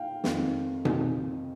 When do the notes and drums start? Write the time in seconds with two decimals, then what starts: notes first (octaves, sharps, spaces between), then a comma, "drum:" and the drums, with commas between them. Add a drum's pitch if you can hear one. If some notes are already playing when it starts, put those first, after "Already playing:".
Already playing: F5 G5
0.24 F2 D#3, drum: snare
0.85 F2 D#3, drum: tom B2